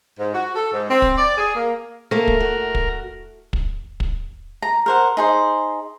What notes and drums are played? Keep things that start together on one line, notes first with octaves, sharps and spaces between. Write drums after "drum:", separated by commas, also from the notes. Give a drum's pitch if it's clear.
G#2
F#4
A4
G#2
C4
drum: kick
D5
G#4
A#3
A3 A#3 A#4
drum: kick
F#4
drum: kick
drum: kick
drum: kick
A#5
A#4 C5 F#5
D#4 G#4 C5